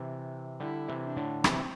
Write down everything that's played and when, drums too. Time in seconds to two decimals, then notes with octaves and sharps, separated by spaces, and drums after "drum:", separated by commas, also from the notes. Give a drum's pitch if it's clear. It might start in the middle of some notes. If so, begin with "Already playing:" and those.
Already playing: C3 E3
0.60 D3 G3 E4
0.88 C3 E3
1.03 D4
1.17 A2 D3
1.44 C3 E3 C4, drum: rim click